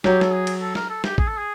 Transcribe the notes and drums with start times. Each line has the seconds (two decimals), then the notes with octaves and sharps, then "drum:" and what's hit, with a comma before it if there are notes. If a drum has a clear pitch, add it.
0.04 F#3 G4, drum: snare
0.21 A4, drum: snare
0.33 G#4
0.47 drum: cymbal
0.61 A4
0.75 A#4, drum: snare
0.90 A4
1.04 G4, drum: snare
1.18 G#4, drum: kick A1
1.28 A4
1.38 G#4